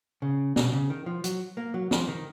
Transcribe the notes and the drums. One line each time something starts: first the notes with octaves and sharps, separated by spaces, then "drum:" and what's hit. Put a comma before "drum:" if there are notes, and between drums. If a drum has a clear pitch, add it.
C#3
B2, drum: snare
C#3
D#3
F3
F#3, drum: hi-hat
A#3
F#3
F3, drum: snare
D#3